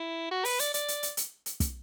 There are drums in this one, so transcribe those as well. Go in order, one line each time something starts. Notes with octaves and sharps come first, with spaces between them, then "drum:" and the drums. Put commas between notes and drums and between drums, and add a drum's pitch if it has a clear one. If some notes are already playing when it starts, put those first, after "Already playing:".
Already playing: E4
F#4
B4, drum: open hi-hat
D5, drum: hi-hat
D5, drum: hi-hat
drum: hi-hat
drum: hi-hat
drum: hi-hat
drum: hi-hat
drum: kick, hi-hat